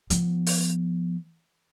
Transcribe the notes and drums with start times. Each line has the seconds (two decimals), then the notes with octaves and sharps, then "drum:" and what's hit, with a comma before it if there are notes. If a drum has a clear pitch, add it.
0.10 F3 B3, drum: hi-hat
0.46 drum: open hi-hat